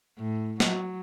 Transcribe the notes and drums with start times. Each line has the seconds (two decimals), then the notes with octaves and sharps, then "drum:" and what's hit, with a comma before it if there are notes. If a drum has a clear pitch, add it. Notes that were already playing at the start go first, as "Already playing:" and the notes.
0.19 A2
0.60 F#3, drum: snare